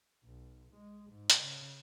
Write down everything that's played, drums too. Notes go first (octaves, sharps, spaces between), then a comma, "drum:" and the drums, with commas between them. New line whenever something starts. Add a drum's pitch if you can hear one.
B1
G#3
G#2
drum: hi-hat
C#3